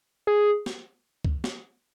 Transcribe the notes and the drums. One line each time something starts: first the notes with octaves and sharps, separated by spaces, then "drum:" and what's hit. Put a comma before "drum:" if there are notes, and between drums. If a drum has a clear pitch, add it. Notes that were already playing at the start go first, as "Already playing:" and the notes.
G#4
drum: snare
drum: kick
drum: snare